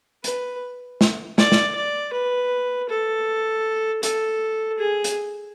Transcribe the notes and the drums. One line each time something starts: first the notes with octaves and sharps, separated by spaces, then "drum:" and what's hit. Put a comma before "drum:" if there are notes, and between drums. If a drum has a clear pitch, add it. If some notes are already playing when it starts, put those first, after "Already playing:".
B4, drum: hi-hat
drum: snare
D5, drum: snare
drum: snare
D5
B4
A4
A4, drum: hi-hat
G#4
drum: hi-hat